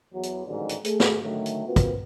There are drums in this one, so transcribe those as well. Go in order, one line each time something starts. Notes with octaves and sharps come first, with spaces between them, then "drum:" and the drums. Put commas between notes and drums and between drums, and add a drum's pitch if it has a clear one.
E2 F#3
drum: hi-hat
A1 D#2 G#2 D3 D#3 F#3
drum: hi-hat
A3 G#4, drum: hi-hat
drum: snare
D3 D#3 F#3 A3
drum: hi-hat
A#3 C4 F4 F#4 A#4 B4
drum: kick, hi-hat